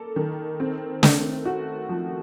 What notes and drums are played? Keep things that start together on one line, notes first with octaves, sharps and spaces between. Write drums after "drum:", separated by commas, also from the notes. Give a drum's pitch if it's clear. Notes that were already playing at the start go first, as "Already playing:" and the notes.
Already playing: A#3 A4
D#3
C4
A3, drum: snare
F#4
F3